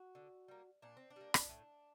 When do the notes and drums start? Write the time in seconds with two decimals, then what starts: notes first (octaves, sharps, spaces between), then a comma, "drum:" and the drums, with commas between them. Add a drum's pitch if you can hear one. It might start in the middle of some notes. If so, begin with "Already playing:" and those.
Already playing: F#4
0.15 D3
0.48 G3 A#3
0.82 A#2 D4
0.97 C4
1.10 D4
1.16 G3 A#3
1.34 drum: rim click
1.49 A2